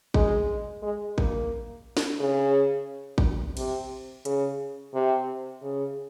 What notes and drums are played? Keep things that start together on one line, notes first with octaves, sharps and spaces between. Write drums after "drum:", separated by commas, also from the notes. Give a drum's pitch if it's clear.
G#3, drum: kick A1
G#3
A#3, drum: kick A1
drum: snare
C#3
drum: kick A1
C3, drum: cymbal
C#3, drum: hi-hat
C3
C#3